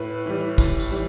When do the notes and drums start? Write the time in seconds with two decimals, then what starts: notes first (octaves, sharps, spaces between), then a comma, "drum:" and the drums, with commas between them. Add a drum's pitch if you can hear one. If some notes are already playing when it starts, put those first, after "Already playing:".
Already playing: A2 B4
0.26 E3 G3
0.58 A2, drum: kick, tambourine
0.80 drum: tambourine
0.91 E3 G3